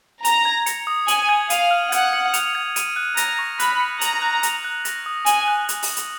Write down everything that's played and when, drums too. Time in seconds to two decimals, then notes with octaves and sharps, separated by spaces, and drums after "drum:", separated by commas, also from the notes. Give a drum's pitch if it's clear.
0.25 A#5 F7, drum: hi-hat
0.45 G#6
0.66 C#7, drum: hi-hat
0.87 D#6
1.08 G#5 F#7, drum: hi-hat
1.29 G#6
1.50 F5 D#7, drum: hi-hat
1.71 F6
1.92 F#5 G#6, drum: hi-hat
2.13 C#7
2.34 F7, drum: hi-hat
2.55 G#6
2.76 D#7, drum: hi-hat
2.96 F#6
3.17 A#5 A#6, drum: hi-hat
3.39 C#6
3.60 B5 F#6, drum: hi-hat
3.80 C#7
4.01 A#5 F#7, drum: hi-hat
4.22 F#6
4.43 F7, drum: hi-hat
4.64 F#6
4.85 A#6, drum: hi-hat
5.06 D#6
5.26 G#5 F#7, drum: hi-hat
5.48 F#6
5.69 drum: hi-hat
5.83 drum: open hi-hat
5.97 drum: hi-hat